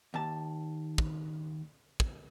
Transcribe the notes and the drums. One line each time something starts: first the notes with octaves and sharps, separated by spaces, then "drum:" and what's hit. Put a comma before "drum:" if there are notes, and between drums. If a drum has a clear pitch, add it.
D#2 A5
drum: kick
drum: kick